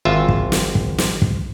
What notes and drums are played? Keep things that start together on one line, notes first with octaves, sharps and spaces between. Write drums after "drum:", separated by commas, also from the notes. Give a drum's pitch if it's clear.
G#1 F4 E5
drum: kick
drum: snare
drum: kick
drum: snare
drum: kick